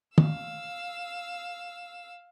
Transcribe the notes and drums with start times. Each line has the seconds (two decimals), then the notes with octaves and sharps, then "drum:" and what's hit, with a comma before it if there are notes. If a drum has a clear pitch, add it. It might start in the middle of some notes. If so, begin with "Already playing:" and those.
0.18 F5 E6, drum: tom